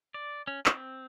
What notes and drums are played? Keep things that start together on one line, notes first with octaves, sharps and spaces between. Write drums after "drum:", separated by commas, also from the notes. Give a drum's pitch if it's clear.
D5
C#4
C4, drum: clap